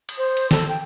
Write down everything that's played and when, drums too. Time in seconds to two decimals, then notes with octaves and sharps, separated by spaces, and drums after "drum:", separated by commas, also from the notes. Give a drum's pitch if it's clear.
0.09 drum: cymbal
0.18 C5
0.37 drum: cymbal
0.51 A4, drum: snare
0.69 G5